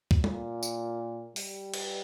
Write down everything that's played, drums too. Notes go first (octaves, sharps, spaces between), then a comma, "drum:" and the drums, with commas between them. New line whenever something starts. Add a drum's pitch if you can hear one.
drum: kick C#2
A#2, drum: tom
drum: tambourine
G3, drum: open hi-hat
drum: cymbal